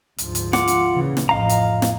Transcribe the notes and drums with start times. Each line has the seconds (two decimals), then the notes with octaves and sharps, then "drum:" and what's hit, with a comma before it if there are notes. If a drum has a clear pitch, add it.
0.18 D2 G#2 F3, drum: hi-hat
0.35 drum: hi-hat
0.53 F4 F#5 D6, drum: snare
0.68 drum: hi-hat
0.92 A#2 C#3 E3
1.17 drum: snare
1.29 A1 F2 A2 D#5 F5 A#5
1.49 drum: hi-hat
1.82 drum: snare